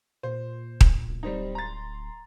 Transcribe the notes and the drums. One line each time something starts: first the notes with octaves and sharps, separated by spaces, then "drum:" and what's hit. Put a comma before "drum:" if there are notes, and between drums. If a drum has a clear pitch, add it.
A#2 C5
drum: kick D#1
D1
G3 C4 D#4
A#5 C6 A6